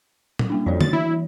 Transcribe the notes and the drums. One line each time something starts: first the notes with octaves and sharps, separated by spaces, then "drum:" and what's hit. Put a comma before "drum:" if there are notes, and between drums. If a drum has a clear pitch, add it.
drum: tom A#2
G3 A#3 D4
F2 F#4 C#5 D5
A6, drum: tom D3
E3 E4